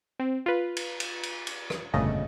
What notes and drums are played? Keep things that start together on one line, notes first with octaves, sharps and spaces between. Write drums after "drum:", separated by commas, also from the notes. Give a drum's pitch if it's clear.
C4
F4 B4
drum: cymbal
drum: cymbal
drum: cymbal
drum: cymbal
drum: rim click
G1 F2 A#2 C#3 A3 D#5